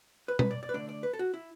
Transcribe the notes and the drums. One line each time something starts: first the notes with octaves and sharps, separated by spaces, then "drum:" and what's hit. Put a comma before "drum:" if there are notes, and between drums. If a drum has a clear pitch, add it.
B4
B4, drum: tom
D5
D5
B4
D3 A3 D4 D5
D5
B4
A4
F#4
E4